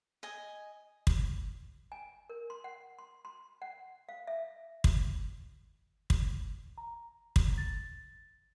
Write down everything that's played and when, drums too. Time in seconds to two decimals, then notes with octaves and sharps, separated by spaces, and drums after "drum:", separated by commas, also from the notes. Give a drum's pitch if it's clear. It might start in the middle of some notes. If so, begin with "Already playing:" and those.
0.23 D#5 G#5
1.07 drum: kick
1.92 G#5
2.30 A#4
2.50 C6
2.64 F#5
2.99 C6
3.25 C6
3.62 F#5
4.09 F5
4.27 E5
4.84 drum: kick
6.10 drum: kick
6.78 A#5
7.36 drum: kick
7.58 A6